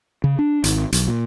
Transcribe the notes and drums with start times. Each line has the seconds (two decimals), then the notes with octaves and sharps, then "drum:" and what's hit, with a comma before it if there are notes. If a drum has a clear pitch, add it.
0.24 C#3
0.39 D4
0.64 G#1, drum: hi-hat
0.92 B1, drum: hi-hat
1.08 A#2